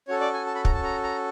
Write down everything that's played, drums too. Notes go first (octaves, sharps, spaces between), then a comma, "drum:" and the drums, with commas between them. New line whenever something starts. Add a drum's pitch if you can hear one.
C#4 F#4 A4 C#5
D5
G#5
A5
B5
A#5, drum: kick
A5
A#5
A#5